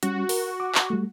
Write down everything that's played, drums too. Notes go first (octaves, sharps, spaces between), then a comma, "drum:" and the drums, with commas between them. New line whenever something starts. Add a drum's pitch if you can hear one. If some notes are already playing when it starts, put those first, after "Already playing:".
G3 C#4 F#4, drum: hi-hat
A#4, drum: open hi-hat
D6
drum: clap
G3 A3